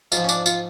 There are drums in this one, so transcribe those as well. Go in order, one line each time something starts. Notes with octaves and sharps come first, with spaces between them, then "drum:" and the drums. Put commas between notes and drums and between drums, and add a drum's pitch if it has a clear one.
G#2 F3 F4, drum: tambourine
C#4
D4, drum: tambourine
F4, drum: tambourine